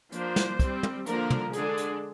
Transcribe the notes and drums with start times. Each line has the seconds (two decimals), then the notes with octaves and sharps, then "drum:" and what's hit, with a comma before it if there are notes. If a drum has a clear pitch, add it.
0.12 F3 A#3 D4 C5, drum: hi-hat
0.36 drum: snare
0.59 G3 C4, drum: kick, hi-hat
0.83 drum: tom
1.06 D3 F3 A#3 D4 A#4, drum: hi-hat
1.30 drum: tom
1.53 D3 G#3 D4 G#4, drum: hi-hat
1.77 drum: hi-hat